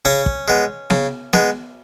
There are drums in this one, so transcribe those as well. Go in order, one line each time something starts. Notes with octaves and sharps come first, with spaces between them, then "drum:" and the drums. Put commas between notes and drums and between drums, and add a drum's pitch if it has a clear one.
C#3 C#4
drum: kick
G#3 B3
C#3, drum: snare B3
G#3 B3, drum: snare B3